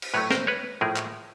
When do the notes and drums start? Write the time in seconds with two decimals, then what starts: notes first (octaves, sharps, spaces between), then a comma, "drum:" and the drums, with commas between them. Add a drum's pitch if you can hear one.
0.02 drum: cymbal
0.14 A2 F#3 A3 B4 C#5
0.31 A#4 C5, drum: snare
0.47 B4 C#5
0.81 A2 F3 A3 G#4 A#4
0.96 drum: clap